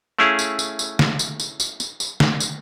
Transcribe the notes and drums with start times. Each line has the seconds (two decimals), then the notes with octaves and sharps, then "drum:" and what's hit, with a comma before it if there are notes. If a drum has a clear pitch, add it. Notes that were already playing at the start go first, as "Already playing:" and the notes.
0.19 A3 C#4 E4 G#4 F5
0.39 drum: tambourine
0.59 drum: tambourine
0.79 drum: tambourine
0.99 drum: snare
1.19 drum: tambourine
1.40 drum: tambourine
1.60 drum: tambourine
1.80 drum: tambourine
2.00 drum: tambourine
2.20 drum: snare
2.40 drum: tambourine